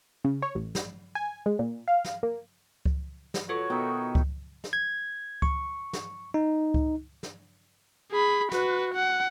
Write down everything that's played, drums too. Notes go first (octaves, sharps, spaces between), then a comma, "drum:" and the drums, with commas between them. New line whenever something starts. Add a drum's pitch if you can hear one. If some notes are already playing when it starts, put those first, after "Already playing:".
C#3
C#5
A1
drum: snare
G#5
G#3
A#2
F5
drum: snare
A#3
drum: kick C#2
drum: snare
F4 F#4 A4 B4 C#5
B2 D#3 D#4 E5
drum: kick C#2
drum: snare
G#6
C#6, drum: kick C#2
drum: snare
D#4
drum: kick C#2
drum: snare
G#4 B5
F#4 B4, drum: snare
F#5